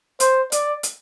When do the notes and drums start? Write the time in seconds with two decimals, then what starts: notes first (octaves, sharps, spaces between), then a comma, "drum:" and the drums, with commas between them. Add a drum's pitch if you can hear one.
0.20 C5, drum: hi-hat
0.52 D5, drum: hi-hat
0.83 drum: hi-hat